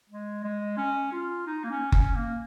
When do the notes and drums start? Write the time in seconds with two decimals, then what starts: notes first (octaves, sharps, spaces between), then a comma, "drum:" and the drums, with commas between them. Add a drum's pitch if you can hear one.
0.09 G#3
0.44 G#3
0.77 C#4
1.12 F4
1.47 D#4
1.64 A#3
1.70 C#4
1.92 C#4, drum: kick F#1
2.16 A#3